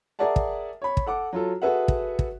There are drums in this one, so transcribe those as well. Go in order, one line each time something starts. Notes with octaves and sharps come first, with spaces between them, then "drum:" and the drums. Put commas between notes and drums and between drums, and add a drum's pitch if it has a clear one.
G#4 A#4 D5 E5 F#5 A5
drum: kick
C#5 B5
drum: kick
A4 F#5 D6
F#3 F4 A4
F#4 G#4 A4 B4 E5 F#5
drum: kick
drum: kick